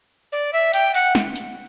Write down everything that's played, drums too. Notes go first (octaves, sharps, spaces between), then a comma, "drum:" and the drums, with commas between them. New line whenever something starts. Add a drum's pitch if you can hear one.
D5
E5
G5, drum: hi-hat
F#5, drum: open hi-hat
drum: snare
drum: hi-hat